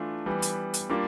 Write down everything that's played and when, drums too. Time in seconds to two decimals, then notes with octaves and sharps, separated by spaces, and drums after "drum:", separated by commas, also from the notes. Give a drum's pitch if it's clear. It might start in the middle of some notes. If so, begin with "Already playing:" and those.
Already playing: E3 A3 D4 F4
0.26 E3 G3 B3
0.42 drum: hi-hat
0.74 drum: hi-hat
0.89 G3 A#3 D4 F4